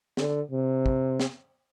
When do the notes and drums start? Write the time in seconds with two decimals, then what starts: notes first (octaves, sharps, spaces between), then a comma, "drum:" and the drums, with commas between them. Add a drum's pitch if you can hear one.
0.17 D3, drum: snare
0.51 C3
0.86 drum: kick
1.20 drum: snare